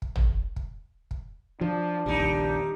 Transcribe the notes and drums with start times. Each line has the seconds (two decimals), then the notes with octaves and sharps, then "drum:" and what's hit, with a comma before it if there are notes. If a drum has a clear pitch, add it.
0.02 drum: kick
0.16 drum: tom
0.56 drum: kick
1.11 drum: kick
1.61 F3 D4
2.06 A#1 D#2 G3 D#4
2.20 drum: kick